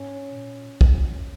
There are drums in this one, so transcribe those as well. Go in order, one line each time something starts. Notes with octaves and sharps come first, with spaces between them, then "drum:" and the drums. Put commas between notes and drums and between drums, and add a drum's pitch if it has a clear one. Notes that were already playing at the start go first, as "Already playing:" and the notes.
Already playing: G#2 C#4
A#2
drum: kick